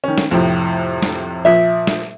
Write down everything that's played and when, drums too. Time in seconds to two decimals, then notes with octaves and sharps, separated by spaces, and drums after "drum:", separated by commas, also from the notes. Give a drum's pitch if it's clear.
0.04 D#3 C#4
0.18 drum: snare
0.31 F2 A2 C3
1.02 drum: snare
1.45 A#2 F3 E5
1.87 drum: snare